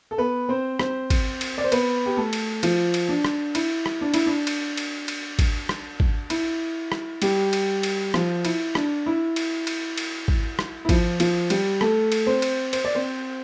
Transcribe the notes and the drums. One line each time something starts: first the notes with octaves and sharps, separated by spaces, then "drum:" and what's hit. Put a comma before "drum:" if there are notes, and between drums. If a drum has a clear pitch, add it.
A4
B3 B4
C4 C5
C4 C5, drum: rim click
drum: kick, cymbal
drum: cymbal
D5
C5
B3 B4, drum: cymbal
G4
A3 A4
drum: cymbal
F3 F4, drum: cymbal
drum: cymbal
D4
drum: rim click
E4, drum: cymbal
drum: rim click
D4
E4, drum: cymbal
D4
drum: cymbal
drum: cymbal
drum: cymbal
drum: kick, cymbal
drum: rim click
drum: kick
E4, drum: cymbal
drum: rim click
G3 G4, drum: cymbal
drum: cymbal
drum: cymbal
F3 F4, drum: rim click
E4, drum: cymbal
D4, drum: rim click
E4
drum: cymbal
drum: cymbal
drum: cymbal
drum: kick
drum: rim click
E4
F3 F4, drum: kick, cymbal
F3 F4, drum: cymbal
G3 G4, drum: cymbal
A3 A4, drum: rim click
drum: cymbal
C4 C5
drum: cymbal
C5, drum: cymbal
D5
C4 C5